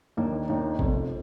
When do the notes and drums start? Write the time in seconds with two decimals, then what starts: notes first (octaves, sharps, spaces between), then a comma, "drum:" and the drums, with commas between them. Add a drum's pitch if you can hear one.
0.17 D#2 D#3 A#3 D4
0.48 D#2 D#3 A#3 D4
0.79 F1 F2 F3, drum: kick